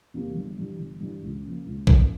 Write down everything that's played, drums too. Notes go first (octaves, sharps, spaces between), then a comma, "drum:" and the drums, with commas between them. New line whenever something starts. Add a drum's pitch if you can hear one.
E2 C3 G3 A#3
G1
G2 E3
G1
G2 E3
C#2
C#3 F3 A#3
C#2
C#3 F3 A#3, drum: kick